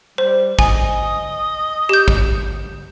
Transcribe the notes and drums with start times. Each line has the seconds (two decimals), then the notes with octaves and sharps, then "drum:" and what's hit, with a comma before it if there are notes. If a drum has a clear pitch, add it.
0.18 G3 C5
0.59 D#5 G#5, drum: kick
1.89 G4 G6
2.08 drum: kick